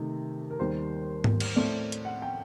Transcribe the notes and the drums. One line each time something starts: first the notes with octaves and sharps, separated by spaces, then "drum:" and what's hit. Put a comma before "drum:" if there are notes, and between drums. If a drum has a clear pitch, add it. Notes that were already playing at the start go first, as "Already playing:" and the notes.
Already playing: C3 D#3 A3 D#4
A#4
D#2 D#3 G3 C5
drum: tom G#2
drum: cymbal
A2 A3 C4 D5
drum: hi-hat
F#5
G5